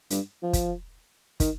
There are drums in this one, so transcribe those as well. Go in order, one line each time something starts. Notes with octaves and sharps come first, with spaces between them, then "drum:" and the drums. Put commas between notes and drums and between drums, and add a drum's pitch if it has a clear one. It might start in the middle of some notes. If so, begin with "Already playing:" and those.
G2, drum: hi-hat
F3
drum: kick, hi-hat
D#3, drum: kick, hi-hat